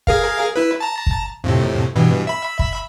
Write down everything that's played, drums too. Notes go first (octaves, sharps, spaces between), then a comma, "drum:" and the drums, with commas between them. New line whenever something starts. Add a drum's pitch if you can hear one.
G#4 A#4 F5, drum: kick
E4 B4
A5 A#5
drum: kick
F2 A2 C3
G2 B2 E3
E5 B5
drum: kick